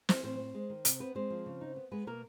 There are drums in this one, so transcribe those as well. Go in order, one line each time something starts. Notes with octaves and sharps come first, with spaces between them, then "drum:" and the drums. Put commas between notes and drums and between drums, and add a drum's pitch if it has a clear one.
E3 C4 C5, drum: snare
A2 C4 C5
C4
G#3
D#3
C3, drum: hi-hat
B3 C4 B4
G#3 C4 C5
F3
C#3
D#4
B3
G#3 B3 B4
B2 A#3 A#4